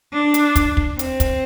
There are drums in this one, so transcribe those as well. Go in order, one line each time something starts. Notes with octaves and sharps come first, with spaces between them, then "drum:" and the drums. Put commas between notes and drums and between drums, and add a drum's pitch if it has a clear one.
D4
drum: hi-hat
drum: kick, hi-hat
drum: kick
C4, drum: hi-hat
drum: kick, hi-hat